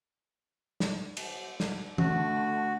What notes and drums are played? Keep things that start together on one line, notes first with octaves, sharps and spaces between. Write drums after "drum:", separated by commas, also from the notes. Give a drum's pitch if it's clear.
drum: snare
drum: cymbal
drum: snare
D3 A3 F#4, drum: tom E3